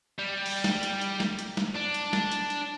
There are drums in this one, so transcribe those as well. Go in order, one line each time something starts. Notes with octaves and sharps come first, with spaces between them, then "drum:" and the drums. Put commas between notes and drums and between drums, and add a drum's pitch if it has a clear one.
G3
drum: open hi-hat
drum: snare
drum: hi-hat
drum: hi-hat
drum: snare
drum: hi-hat
drum: snare
D4
drum: hi-hat
drum: snare
drum: hi-hat
drum: hi-hat